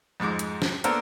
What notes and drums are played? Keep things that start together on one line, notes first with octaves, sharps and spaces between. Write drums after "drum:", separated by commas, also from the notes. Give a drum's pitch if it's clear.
F2 G#2 G#3 D6
drum: hi-hat
drum: snare
A#3 B3 D4 A4 A#4 C5, drum: hi-hat